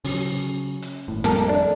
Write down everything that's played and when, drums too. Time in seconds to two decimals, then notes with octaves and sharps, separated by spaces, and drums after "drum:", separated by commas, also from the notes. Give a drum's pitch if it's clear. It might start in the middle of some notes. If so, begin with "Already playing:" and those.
0.04 C#3 F#3, drum: open hi-hat
0.82 drum: hi-hat
1.08 G#1 A2
1.24 F2 G3 A4 A#4, drum: snare
1.48 A3 D4